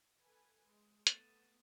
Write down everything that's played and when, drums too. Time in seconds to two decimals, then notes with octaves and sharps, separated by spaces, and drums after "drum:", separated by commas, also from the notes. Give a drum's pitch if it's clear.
0.19 A4 B4 G#5
0.66 G#3
1.07 A3 B3 A6 D#7 E7, drum: hi-hat